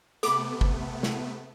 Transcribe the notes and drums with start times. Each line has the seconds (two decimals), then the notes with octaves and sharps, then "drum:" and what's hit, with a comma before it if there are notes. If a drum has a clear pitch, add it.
0.23 C3 A3 B3 A4 B5 D6, drum: hi-hat
0.61 drum: kick
1.03 drum: snare